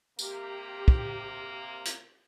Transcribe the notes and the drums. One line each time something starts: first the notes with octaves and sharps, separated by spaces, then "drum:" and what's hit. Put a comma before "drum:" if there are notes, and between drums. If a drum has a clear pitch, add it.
C3 A#3 G4, drum: tambourine
drum: kick
drum: hi-hat